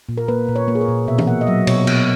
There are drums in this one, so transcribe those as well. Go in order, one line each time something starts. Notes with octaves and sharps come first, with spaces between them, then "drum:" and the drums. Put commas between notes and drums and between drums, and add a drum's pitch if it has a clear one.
A#2
A#4
A#3 B4
A#2
C#5
A#3
G#4
A#4
A#2
B2 E5
drum: tom
A#3 F#5
D#5
F#3 E5
B2 C#5, drum: cymbal
B2, drum: cymbal